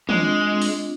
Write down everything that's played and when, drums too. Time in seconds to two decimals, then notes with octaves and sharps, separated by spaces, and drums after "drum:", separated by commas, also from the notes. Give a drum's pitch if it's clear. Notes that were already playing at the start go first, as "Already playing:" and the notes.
0.09 G#3 C4 D4 F4, drum: tom
0.62 drum: open hi-hat